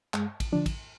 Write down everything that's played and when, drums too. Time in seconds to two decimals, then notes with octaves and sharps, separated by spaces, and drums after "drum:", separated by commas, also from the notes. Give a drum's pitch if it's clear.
0.14 G2 G#3, drum: clap
0.40 drum: kick A1, cymbal
0.52 D3 F3 D4
0.66 drum: kick A1, cymbal